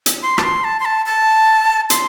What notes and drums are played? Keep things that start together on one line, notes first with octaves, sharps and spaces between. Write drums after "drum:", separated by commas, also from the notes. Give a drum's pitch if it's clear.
drum: hi-hat
C6
A5, drum: rim click
C6
A5
C6
A5
A5
C6, drum: hi-hat